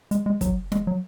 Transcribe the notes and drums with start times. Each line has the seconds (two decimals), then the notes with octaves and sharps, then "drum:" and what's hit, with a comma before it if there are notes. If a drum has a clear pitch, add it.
0.11 G#3, drum: hi-hat
0.26 G#3
0.41 F#3, drum: kick, hi-hat
0.72 G#3, drum: snare
0.87 F#3